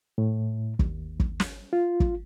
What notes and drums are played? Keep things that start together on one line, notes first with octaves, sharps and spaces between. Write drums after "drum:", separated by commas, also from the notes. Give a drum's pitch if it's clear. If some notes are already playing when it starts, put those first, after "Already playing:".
A2
D#2, drum: kick
drum: kick
drum: snare
F4
drum: kick